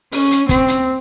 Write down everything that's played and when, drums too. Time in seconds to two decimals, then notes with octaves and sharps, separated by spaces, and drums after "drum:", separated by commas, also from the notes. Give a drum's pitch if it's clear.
0.12 C#4, drum: open hi-hat
0.31 drum: hi-hat
0.49 C4, drum: kick, hi-hat
0.68 drum: hi-hat